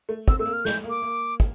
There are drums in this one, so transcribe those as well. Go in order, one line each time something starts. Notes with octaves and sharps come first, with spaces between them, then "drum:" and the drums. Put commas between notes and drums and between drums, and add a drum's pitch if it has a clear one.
A3
C4 E6, drum: kick
A3 E6
A#3
F6
A3 G6, drum: snare
A#3
D6
A#3
drum: kick